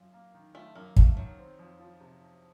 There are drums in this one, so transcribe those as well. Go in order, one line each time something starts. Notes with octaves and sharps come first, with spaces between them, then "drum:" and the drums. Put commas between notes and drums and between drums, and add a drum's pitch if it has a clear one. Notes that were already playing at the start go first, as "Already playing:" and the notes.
Already playing: F#2 F4
A#3
D#3
A3 F4
F#2 A#3
A3 A#3, drum: kick
D#3 F#3
C4
F2
F3
C3